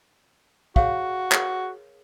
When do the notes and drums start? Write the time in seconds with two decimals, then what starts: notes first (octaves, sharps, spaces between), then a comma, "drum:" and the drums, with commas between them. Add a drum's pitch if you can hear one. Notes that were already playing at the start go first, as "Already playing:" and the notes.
0.76 F#4 G#4 C#5 F5, drum: kick
1.32 G#4 A#4 C#5, drum: clap